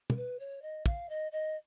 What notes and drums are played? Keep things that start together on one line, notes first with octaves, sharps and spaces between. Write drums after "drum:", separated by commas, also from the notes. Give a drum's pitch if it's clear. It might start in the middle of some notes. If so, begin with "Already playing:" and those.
A#4, drum: tom
B4
C#5
D#5
F5, drum: kick
D#5
D#5